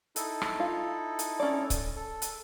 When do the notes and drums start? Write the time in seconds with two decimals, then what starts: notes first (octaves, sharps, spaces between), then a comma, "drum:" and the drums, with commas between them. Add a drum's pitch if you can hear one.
0.16 D#4 E4 A4, drum: hi-hat
0.42 drum: rim click
0.60 F4
1.19 drum: hi-hat
1.40 C#4 D5
1.70 drum: kick C#1, hi-hat
1.96 A4
2.22 drum: hi-hat